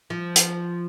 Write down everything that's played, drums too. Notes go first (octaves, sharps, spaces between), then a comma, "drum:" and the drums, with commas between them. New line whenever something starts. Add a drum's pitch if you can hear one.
F3
drum: hi-hat